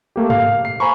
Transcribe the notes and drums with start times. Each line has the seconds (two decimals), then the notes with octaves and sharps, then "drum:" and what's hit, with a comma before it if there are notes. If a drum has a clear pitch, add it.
0.16 A3 A#3 G4
0.30 F5, drum: tom G2
0.65 C7
0.80 C5 G#5 A#5 B5 C#6